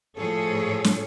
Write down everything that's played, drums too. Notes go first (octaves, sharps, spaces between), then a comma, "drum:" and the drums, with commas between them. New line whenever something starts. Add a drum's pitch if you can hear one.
A2 F3 G#4 A4 C#5
drum: snare